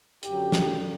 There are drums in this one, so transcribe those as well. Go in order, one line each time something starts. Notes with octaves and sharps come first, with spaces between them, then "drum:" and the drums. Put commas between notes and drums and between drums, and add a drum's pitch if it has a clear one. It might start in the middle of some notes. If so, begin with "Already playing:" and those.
F#2 D3 F#3 G4, drum: hi-hat
drum: snare